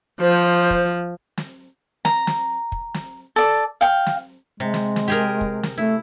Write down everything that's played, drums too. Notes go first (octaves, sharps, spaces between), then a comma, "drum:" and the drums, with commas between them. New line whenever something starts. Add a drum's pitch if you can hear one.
F3 C5
drum: kick
drum: snare
A#5, drum: snare
drum: snare
drum: kick
drum: snare
A4 D5
F5 G5
drum: snare
C3 G#3
drum: snare
drum: snare
G4 G#4 A#4
drum: kick
drum: snare
A3 E4